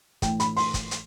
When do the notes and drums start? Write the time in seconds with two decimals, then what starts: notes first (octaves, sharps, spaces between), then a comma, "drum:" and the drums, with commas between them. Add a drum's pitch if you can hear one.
0.22 A2 E3 G5, drum: kick, hi-hat
0.40 B5, drum: hi-hat
0.57 C6, drum: open hi-hat
0.74 drum: kick, hi-hat
0.91 drum: hi-hat